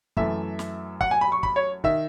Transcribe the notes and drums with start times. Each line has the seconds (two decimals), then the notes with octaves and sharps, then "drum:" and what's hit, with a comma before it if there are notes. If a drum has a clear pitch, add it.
0.17 F#2 E3 A3 E5, drum: kick
0.59 drum: snare
1.01 F#5, drum: kick
1.11 G#5
1.21 B5
1.32 C#6
1.43 B5, drum: kick
1.56 C#5
1.84 D#3 E5, drum: kick